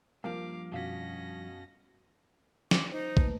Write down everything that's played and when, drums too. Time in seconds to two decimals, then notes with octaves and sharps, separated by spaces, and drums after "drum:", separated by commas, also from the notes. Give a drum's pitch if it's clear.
0.24 G2 F3 A#3 F5 D6
0.72 F#2 B2 C#4 F5 A#6 B6
2.71 D6, drum: snare
2.92 D#4 C5
3.17 A3 A#3 B4, drum: kick